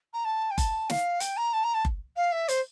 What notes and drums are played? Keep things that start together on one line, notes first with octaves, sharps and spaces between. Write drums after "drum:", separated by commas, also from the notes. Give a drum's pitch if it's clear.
A#5
A5
G5
A5, drum: kick F#1, hi-hat
F5, drum: snare
G5, drum: hi-hat
A#5
A5
A#5
A5
drum: kick F#1
F5
E5
C5, drum: hi-hat